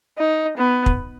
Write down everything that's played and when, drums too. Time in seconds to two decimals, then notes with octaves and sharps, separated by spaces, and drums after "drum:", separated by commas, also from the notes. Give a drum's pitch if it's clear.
0.18 D#4
0.58 B3
0.86 drum: kick